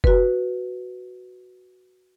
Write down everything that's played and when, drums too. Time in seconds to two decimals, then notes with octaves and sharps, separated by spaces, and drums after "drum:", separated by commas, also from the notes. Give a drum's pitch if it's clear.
0.04 F#4 B4, drum: kick